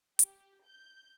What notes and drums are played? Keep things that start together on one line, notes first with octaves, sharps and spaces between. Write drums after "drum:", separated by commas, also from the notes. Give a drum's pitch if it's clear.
G4, drum: hi-hat
G6